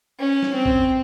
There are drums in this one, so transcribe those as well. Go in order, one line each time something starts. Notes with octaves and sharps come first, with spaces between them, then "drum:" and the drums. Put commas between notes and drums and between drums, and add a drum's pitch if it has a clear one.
C#4
drum: snare
C4
drum: kick